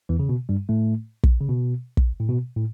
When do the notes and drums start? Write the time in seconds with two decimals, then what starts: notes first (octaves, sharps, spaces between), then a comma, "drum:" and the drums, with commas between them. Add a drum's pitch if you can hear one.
0.09 E2 E3
0.19 C#3
0.29 B2
0.49 G2 G3
0.69 A2 A3
1.23 drum: kick
1.41 C#3
1.49 B2
1.97 drum: kick
2.20 A2
2.29 B2
2.56 A2